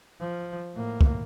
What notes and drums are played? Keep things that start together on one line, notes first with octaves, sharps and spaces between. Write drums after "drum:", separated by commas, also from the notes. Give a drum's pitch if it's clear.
F3
A2 A#3
drum: kick